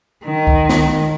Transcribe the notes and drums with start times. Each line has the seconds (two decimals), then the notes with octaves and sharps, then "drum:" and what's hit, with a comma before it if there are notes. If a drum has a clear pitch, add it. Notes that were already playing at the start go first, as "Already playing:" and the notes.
0.25 D#3
0.47 drum: kick
0.69 drum: snare